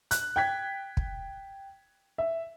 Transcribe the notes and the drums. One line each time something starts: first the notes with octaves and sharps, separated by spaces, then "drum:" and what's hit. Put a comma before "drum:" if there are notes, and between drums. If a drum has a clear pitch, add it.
F#6, drum: hi-hat
G5 G#6 B6
drum: kick
E5